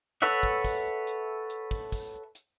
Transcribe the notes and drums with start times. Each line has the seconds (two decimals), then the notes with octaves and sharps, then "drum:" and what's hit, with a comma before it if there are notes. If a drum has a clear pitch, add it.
0.22 A4 B4 C#5 E5 F#5, drum: hi-hat
0.43 drum: kick
0.65 drum: kick, hi-hat
1.07 drum: hi-hat
1.50 drum: hi-hat
1.71 drum: kick
1.92 drum: kick, hi-hat
2.35 drum: hi-hat